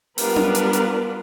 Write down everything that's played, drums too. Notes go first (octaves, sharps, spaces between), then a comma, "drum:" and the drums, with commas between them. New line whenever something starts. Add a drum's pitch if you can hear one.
G3 B3 D4 F4 A#4 B4, drum: open hi-hat
drum: tom C#4
drum: hi-hat
drum: hi-hat